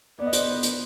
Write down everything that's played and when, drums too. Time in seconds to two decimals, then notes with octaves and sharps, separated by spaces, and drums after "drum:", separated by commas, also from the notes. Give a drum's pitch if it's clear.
0.19 B3 D5
0.26 D#5
0.33 C5 D5, drum: hi-hat
0.63 drum: hi-hat